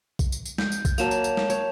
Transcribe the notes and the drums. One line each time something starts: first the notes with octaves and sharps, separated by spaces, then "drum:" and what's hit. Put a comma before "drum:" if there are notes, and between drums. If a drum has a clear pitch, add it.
drum: kick A#1, tambourine
drum: tambourine
drum: tambourine
G6, drum: snare G#3
drum: tambourine
drum: kick A#1, tambourine
F#3 A#3 A5 E7 F7, drum: tambourine
drum: tambourine
drum: tambourine
drum: snare G#3
C#5, drum: tambourine